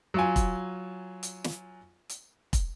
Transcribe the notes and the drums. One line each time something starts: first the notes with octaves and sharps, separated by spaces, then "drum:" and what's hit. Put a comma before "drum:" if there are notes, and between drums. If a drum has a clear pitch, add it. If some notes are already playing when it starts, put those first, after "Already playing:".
F#3 F4 G#5
drum: kick, hi-hat
drum: hi-hat
drum: snare
drum: hi-hat
drum: kick, hi-hat